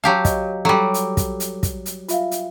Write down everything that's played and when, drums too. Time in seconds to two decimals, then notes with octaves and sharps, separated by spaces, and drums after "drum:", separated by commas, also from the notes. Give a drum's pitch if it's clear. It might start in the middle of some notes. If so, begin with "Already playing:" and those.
0.04 F#3 G4 F5 A5
0.25 D#5, drum: kick, hi-hat
0.65 F#3 G3 A4 D6
0.94 drum: hi-hat
1.17 drum: kick, hi-hat
1.40 drum: hi-hat
1.63 drum: kick, hi-hat
1.86 drum: hi-hat
2.09 F4 E5 F5, drum: hi-hat
2.31 drum: hi-hat